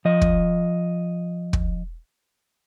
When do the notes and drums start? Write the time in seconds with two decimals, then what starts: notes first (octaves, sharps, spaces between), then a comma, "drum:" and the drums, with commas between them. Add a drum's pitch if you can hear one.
0.05 F3 D#5
0.21 drum: kick
1.53 drum: kick